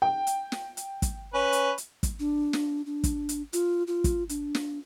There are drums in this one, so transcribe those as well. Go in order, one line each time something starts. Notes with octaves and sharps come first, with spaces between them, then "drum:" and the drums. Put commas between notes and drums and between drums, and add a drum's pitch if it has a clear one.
G5
drum: hi-hat
drum: snare
drum: hi-hat
drum: kick, hi-hat
C#4 B4
drum: hi-hat
drum: hi-hat
drum: kick, hi-hat
D4
drum: snare
D4
drum: kick, hi-hat
drum: hi-hat
F4, drum: hi-hat
F4
drum: kick, hi-hat
D4, drum: hi-hat
drum: snare